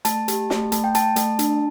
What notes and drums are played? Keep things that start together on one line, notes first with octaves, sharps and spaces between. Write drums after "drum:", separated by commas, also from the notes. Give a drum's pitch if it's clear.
A3 A5, drum: hi-hat
G4, drum: hi-hat
A3, drum: snare
A3 A5, drum: hi-hat
G5
A3 A5, drum: hi-hat
A3, drum: hi-hat
D4, drum: hi-hat